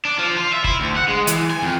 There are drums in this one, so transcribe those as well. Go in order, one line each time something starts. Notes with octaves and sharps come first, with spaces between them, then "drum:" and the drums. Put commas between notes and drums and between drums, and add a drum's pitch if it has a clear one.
D4
F3
F4
E5
E4, drum: kick F#1
D2
F#5
G#3
E3, drum: hi-hat
G#5
F2